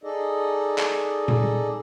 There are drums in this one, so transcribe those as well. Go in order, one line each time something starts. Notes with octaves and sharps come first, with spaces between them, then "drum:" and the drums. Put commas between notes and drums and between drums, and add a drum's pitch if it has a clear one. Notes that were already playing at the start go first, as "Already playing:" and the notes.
D#4 G#4 A4 D5 D#5
drum: clap
drum: tom A#2